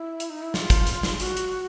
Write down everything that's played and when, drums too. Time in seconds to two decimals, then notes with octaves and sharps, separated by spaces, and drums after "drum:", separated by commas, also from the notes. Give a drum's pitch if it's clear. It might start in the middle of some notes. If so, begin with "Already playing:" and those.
Already playing: E4
0.20 drum: hi-hat
0.30 D#4
0.42 E4
0.54 F4, drum: snare
0.70 drum: kick, hi-hat
0.87 drum: hi-hat
1.03 drum: snare
1.20 F#4, drum: hi-hat
1.37 drum: hi-hat